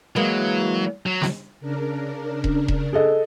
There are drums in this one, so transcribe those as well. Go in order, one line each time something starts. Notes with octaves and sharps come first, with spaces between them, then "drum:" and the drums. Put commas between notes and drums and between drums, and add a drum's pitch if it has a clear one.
E3 F#3 G#3 A#3
F#3
drum: snare
C#3 D4 A#4
drum: kick E1
drum: kick E1
G#4 A4 D#5